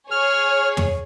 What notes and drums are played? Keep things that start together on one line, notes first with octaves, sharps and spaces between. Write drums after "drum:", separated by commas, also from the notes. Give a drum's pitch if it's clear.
G#4 C#5 F6
drum: tom